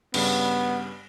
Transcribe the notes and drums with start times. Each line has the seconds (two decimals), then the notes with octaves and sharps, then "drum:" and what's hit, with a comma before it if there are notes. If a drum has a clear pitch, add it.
0.14 G2 C#3 G3 B3, drum: cymbal